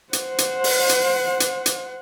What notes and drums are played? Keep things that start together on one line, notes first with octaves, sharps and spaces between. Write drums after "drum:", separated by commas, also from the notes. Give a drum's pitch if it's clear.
C5 F#5, drum: hi-hat
drum: hi-hat
drum: open hi-hat
drum: hi-hat
drum: hi-hat
drum: hi-hat